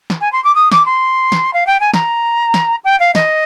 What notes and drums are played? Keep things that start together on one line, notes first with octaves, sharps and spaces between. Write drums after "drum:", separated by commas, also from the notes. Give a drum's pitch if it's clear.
drum: snare
G#5
C6
D6
D#6
D6, drum: snare
C6
drum: snare
F5
G5
G#5
A#5, drum: snare
drum: snare
G5
F5
D#5, drum: snare